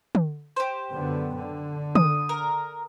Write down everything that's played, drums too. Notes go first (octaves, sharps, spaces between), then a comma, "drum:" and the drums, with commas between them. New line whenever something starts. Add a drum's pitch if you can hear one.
drum: tom
G4 C5
F#2 D3 B3
D3
D#6, drum: tom
A#4